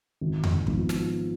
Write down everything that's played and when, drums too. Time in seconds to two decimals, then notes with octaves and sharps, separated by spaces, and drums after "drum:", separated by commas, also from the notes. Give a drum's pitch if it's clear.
0.21 G#1
0.44 drum: tom E2
0.67 G#2 F3 B3 F4, drum: kick
0.89 drum: snare